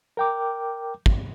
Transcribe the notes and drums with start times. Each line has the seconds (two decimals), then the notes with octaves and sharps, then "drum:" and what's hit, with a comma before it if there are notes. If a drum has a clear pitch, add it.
0.17 A#4 G5 D6
1.06 drum: kick